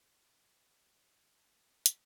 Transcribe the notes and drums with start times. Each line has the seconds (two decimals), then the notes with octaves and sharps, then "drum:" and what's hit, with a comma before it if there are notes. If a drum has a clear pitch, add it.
0.10 D3
0.45 C#3
0.59 F5
0.80 G#2
1.31 F6
1.57 F4
1.86 E3, drum: hi-hat